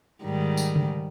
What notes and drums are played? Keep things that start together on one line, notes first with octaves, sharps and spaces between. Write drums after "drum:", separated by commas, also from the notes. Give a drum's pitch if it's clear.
G#2 D#3 G3
drum: tambourine
drum: tom C#3